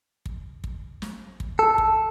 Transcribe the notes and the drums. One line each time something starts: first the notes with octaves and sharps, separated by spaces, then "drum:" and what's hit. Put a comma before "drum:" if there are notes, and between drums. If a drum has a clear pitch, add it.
drum: kick
drum: kick
drum: snare
drum: kick
A4
drum: kick